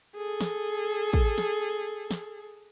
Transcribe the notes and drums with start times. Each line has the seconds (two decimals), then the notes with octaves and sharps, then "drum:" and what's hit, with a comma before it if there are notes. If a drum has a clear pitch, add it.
0.16 G#4 A4
0.41 drum: snare
1.13 drum: kick
1.38 drum: snare
2.11 drum: snare